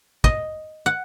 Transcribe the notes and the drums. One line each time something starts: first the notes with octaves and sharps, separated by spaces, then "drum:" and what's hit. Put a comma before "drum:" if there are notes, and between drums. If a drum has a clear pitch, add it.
D#5, drum: kick
F#5